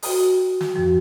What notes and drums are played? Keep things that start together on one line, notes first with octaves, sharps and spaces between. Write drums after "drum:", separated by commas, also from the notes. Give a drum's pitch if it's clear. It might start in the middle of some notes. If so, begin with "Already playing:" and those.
F#4 G5 D#6, drum: open hi-hat
drum: snare
F2 G#2 F3 F#4 G5